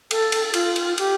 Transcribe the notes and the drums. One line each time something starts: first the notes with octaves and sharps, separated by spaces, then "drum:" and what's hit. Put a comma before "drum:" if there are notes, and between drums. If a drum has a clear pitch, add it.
A4, drum: cymbal
drum: cymbal
F4, drum: cymbal
drum: cymbal
G4, drum: cymbal